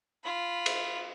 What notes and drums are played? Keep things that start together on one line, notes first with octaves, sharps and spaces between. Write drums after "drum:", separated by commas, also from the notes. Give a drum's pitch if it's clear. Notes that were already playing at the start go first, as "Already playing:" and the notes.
F4 B5
drum: cymbal